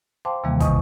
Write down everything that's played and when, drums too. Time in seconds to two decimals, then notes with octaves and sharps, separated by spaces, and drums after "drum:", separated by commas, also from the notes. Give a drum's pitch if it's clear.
0.25 C5 F5 G5 A5 C6 D6
0.44 D#2 C3 D#3 E3 G3 A#3
0.60 E2 B2 D#5 C#6 D#6, drum: kick, hi-hat